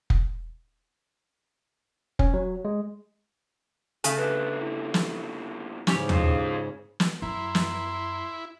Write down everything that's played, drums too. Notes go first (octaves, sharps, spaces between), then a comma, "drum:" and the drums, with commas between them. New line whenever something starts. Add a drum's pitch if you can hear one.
drum: kick F1
C#4, drum: kick F1
F#3
G#3
C#3 A3 A5, drum: hi-hat
F#2 D3 B4 F#6
E4
drum: snare
G#2 C#3 C#4 G4, drum: snare
F2 F4, drum: tom D#2
drum: snare
F#2 E4 A#5 C6
drum: snare